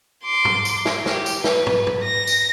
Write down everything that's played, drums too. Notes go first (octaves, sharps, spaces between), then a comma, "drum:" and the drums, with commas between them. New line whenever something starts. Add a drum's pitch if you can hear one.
C6 D6
drum: tom
drum: tambourine
drum: snare
G4, drum: snare
drum: tambourine
B4, drum: snare
drum: tom
drum: tom
A#6
drum: tambourine